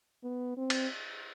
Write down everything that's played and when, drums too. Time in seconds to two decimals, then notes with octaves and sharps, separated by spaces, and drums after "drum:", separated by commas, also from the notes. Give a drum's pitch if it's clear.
0.24 B3
0.57 C4
0.70 drum: cymbal